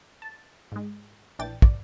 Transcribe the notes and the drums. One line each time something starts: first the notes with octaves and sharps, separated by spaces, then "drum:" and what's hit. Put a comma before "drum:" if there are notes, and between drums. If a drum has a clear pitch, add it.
A5
G#2 G#3
A#1 E3 D4 G5 A6
D5, drum: kick